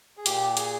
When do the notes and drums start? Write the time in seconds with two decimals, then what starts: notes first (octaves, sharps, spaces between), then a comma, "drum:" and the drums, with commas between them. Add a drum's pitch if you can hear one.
0.17 G#4
0.26 A#2 G4, drum: hi-hat
0.57 G#4, drum: hi-hat